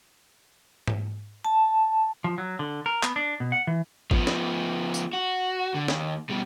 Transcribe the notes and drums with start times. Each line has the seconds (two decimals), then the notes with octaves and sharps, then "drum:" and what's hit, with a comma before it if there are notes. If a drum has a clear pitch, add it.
0.88 drum: tom G#2
1.45 A5
2.24 F3
2.38 F#3
2.59 D3
2.86 A#4
3.03 B3, drum: clap
3.16 D4
3.40 B2
3.52 F#5
3.67 E3
4.11 F3 B3, drum: kick G#1
4.27 drum: snare
4.94 drum: tambourine
5.13 F#4
5.74 D3
5.88 D#2, drum: snare
6.29 B2 G3